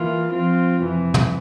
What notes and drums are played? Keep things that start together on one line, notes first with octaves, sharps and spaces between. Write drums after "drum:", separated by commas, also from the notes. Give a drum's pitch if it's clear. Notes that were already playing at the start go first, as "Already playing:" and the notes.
Already playing: E3 A#3 F4
F3 C4 F4
F2 C3 E3
drum: tom